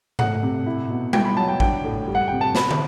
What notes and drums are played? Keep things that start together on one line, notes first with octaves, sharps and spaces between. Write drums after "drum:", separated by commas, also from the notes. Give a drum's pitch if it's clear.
A3 F#5, drum: tom G#2
C3
E4
B2
E4 G5, drum: tom G3
B5
F#3 A5
G5
D4 G5, drum: kick A1
A2
G3
F#5
C3 G5
A5
C4 B5, drum: snare
drum: tom